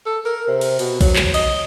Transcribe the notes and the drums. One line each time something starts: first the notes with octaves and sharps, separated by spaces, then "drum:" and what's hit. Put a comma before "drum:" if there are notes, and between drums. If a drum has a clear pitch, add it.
A4
A#4
C3
drum: cymbal
B2, drum: cymbal
F#3, drum: kick A#1, cymbal
drum: clap
D#5, drum: cymbal